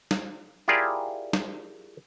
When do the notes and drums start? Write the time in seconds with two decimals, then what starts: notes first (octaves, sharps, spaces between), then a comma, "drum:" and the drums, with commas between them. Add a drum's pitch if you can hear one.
0.11 drum: snare
0.68 E4 F4 G4 G#4 A#4 D5
1.33 drum: snare